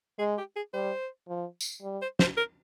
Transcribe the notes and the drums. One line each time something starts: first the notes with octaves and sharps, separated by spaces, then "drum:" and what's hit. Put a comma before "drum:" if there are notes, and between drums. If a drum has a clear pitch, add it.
G#3 G#4
G4
G#4
G3 C5
F3
drum: tambourine
G3
C5
C5, drum: snare
A#4